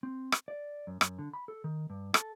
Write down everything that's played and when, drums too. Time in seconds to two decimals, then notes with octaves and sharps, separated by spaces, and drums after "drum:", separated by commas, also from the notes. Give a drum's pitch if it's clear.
0.03 C4
0.32 drum: rim click
0.48 D5
0.87 F#2
1.01 F#2, drum: rim click
1.19 D3
1.34 B5
1.48 A4
1.64 D#3
1.90 G2
2.14 A4, drum: rim click